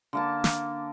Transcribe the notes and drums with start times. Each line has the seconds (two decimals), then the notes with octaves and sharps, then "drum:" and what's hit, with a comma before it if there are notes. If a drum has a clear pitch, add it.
0.13 D3 A#3 A5
0.44 drum: snare